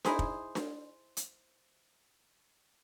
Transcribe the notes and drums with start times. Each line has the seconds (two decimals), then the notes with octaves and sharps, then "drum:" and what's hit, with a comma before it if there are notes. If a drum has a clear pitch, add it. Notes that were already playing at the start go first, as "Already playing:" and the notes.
0.05 D#4 E4 G#4 C5, drum: snare D4
0.19 drum: kick
0.55 drum: snare D4
1.17 drum: hi-hat